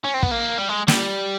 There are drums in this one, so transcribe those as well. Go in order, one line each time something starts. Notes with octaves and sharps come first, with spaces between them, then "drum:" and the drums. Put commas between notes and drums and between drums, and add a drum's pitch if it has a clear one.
C#4
C4
B3, drum: kick
A#3
G3
G#3
G3, drum: snare